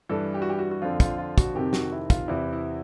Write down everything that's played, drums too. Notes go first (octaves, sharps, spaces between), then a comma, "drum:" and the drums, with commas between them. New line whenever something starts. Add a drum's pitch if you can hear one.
G2 E3 A4
G4
F#4
G4
F#4
F#4
F2 D3 F3 F4
F4, drum: kick, hi-hat
F4
F#4, drum: kick, hi-hat
F2 C3 D#3 G4
F#4, drum: snare
E4
F4, drum: kick, hi-hat
E2 C3 E3 E4
E4